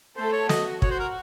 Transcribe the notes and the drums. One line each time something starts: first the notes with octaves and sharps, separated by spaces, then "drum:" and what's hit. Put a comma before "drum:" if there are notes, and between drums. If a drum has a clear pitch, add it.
A3 A4 C5
C#5
F#4 D#5, drum: snare
F#4 C#5, drum: kick
C5
A#4